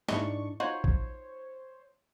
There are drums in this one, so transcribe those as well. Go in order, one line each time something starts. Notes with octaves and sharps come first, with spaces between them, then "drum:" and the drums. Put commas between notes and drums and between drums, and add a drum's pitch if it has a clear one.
G#2 E3 D4 D#5 C#6, drum: snare
D#4 F4 F#4 C5 C#5
drum: kick A#1